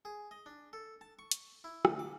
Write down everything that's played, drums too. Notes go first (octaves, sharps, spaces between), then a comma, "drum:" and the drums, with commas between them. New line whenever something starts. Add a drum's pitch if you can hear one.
G#4
D#5
D4
A4
A5
C#6
drum: hi-hat
E4
D2, drum: rim click
D6